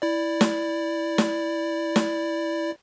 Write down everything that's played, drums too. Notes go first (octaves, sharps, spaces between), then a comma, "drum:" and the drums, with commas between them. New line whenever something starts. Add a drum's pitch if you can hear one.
E4 D5
drum: snare
drum: snare
drum: snare